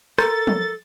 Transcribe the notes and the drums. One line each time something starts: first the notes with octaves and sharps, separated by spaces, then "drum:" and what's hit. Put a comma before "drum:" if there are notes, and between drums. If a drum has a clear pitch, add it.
A4 A#4 A6, drum: rim click
drum: tom F3